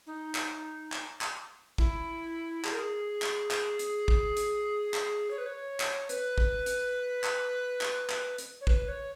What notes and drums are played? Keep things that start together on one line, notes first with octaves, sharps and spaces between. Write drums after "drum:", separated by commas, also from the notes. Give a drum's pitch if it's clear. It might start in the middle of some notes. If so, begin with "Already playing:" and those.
D#4
drum: clap
drum: clap
drum: clap
E4, drum: kick
G#4, drum: clap
A#4
G#4
drum: clap
drum: clap
drum: hi-hat
drum: kick
drum: hi-hat
drum: clap
C#5
B4
C#5
drum: clap
B4, drum: hi-hat
drum: kick
drum: hi-hat
drum: clap
drum: clap
drum: clap
drum: hi-hat
C#5
B4, drum: kick
C#5